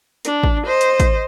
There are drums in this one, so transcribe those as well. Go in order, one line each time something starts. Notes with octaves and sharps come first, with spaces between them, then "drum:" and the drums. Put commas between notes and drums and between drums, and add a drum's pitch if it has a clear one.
D4, drum: hi-hat
drum: kick
C5 D#5
drum: hi-hat
drum: kick, hi-hat